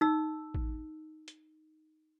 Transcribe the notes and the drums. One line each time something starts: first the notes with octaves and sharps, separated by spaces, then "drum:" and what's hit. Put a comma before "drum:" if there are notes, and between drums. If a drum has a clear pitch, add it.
D#4 E6
drum: kick A1
drum: hi-hat